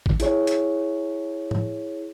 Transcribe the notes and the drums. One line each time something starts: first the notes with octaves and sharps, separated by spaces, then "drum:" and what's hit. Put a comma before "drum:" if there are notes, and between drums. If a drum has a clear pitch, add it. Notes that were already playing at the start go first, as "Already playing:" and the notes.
drum: kick
E4 G#4 C#5, drum: hi-hat
drum: hi-hat
drum: tom